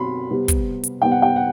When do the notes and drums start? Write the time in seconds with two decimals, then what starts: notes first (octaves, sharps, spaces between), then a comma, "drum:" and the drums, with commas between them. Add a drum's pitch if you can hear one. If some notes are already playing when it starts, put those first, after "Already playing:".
Already playing: B2 F#3 C4 B5 C6
0.30 C3 G3 B3
0.48 drum: kick, hi-hat
0.84 drum: hi-hat
1.01 C3 G3 B3 G5
1.11 F#5
1.22 G5
1.36 F#5